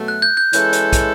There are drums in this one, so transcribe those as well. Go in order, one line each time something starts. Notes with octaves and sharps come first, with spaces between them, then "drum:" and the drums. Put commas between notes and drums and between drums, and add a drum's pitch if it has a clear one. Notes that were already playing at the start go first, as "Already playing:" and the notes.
Already playing: B2 F#3 A3
F#6
G6
G6
E3 G#3 C#4 E4 A4 G6, drum: hi-hat
drum: hi-hat
drum: kick, hi-hat